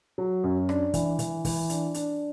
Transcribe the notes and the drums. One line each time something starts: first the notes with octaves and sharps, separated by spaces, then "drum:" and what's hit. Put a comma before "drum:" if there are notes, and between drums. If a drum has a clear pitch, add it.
F#3
F#2
D4, drum: rim click
E3, drum: kick, hi-hat
E3, drum: hi-hat
E3, drum: kick, open hi-hat
D4, drum: hi-hat
D4, drum: hi-hat